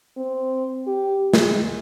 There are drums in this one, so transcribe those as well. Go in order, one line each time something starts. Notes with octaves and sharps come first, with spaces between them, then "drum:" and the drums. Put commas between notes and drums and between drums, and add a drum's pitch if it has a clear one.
C4
G4
G#3, drum: snare